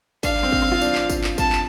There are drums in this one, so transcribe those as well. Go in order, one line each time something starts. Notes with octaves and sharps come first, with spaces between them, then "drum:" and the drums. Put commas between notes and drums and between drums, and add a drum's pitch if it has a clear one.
D4 F5, drum: kick, tambourine
C4
drum: kick
C4
F4
D4, drum: tambourine
drum: clap
drum: kick, tambourine
drum: clap
A5, drum: kick, tambourine
drum: clap